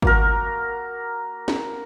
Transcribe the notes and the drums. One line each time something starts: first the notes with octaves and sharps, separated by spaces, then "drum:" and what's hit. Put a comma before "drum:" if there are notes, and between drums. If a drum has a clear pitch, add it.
A#3 F#4 A#4, drum: kick G#1
drum: snare